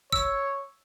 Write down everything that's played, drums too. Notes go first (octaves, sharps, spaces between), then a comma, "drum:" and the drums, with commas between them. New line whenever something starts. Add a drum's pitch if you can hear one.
C#5 E6, drum: kick